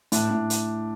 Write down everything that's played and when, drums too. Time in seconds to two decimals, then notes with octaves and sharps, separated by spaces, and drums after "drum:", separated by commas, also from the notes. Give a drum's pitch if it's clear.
0.12 A2 D4, drum: hi-hat
0.31 A2
0.50 drum: hi-hat